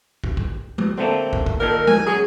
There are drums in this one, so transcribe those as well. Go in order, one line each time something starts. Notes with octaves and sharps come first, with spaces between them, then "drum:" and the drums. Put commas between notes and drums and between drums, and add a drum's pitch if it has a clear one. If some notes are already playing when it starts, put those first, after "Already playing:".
drum: kick
drum: kick
drum: tom G#3
D3 A3 A#3 C4
drum: kick
drum: kick
A#2 D#3 A4 A#4
G#5, drum: tom G#3
F#3 C#4 G#4